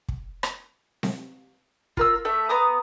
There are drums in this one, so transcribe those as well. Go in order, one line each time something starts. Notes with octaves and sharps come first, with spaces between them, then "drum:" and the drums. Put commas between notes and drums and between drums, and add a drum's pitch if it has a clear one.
drum: kick
drum: rim click
drum: snare C4
F4 A#4 E6, drum: kick
A3 E5
B3 A#5 D#6